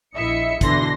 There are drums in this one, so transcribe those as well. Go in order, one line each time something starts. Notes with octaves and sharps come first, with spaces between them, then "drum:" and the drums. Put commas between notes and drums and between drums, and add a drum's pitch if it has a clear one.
A#1 E4 D#5 E5 C#7
B2 D3 E3 C6 A#6, drum: kick, hi-hat